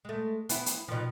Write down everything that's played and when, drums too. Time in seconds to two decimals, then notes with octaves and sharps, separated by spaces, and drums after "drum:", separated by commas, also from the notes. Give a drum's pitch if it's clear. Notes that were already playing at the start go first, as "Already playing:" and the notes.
0.05 G#3 A3
0.49 B3 E4, drum: hi-hat
0.66 drum: hi-hat
0.88 B2 D#3 F3